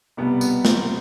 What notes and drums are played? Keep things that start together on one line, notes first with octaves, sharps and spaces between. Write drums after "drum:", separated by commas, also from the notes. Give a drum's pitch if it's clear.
C2 B2 G3 B3
B3, drum: tambourine
C4, drum: snare